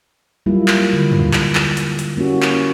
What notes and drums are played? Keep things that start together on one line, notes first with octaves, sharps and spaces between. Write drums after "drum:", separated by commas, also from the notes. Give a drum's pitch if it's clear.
F#3 G3 A#3 E4 F4
drum: clap
D3
drum: tom
drum: clap
drum: clap
drum: hi-hat
drum: hi-hat
A#3 C#4 E4 F#4 G4
drum: clap